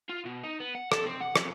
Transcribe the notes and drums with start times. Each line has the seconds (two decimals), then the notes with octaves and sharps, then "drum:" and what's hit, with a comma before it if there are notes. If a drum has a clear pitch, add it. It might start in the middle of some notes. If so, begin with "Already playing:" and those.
0.10 F4
0.25 B2
0.44 D#4
0.60 B3
0.75 F#5
0.92 A4, drum: rim click
1.06 C4
1.21 F#5
1.36 F2, drum: rim click